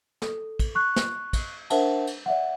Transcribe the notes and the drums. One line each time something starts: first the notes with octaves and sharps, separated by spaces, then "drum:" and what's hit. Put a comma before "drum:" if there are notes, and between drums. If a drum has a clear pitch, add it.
A4, drum: snare
drum: kick, cymbal
C#6 F#6
drum: snare
drum: kick, cymbal
D4 A#4 C5 E5 F#5 A5, drum: cymbal
drum: cymbal
D5 E5 F#5